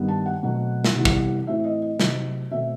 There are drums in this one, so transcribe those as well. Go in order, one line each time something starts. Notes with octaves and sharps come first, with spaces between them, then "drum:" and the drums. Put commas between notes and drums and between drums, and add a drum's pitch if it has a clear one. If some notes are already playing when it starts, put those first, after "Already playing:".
Already playing: G2 D#3 G3 B3
A5
F#5
B2 F#3 A3 C4
drum: snare
C3 E3 G3 B3
drum: kick
A2 E3 A3 C4 E5
D#5
D#5
C3 F#3 A3 C4, drum: snare
B2 A3 C4 E5